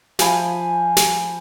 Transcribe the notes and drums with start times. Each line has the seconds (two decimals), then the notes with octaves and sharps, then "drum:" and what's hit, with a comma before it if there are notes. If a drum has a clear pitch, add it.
0.19 F3 G#5 B5, drum: snare
0.97 drum: snare